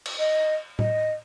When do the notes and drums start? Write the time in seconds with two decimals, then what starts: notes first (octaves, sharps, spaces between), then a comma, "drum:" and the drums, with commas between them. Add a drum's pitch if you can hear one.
0.06 drum: cymbal
0.19 D#5
0.79 D#5, drum: tom A2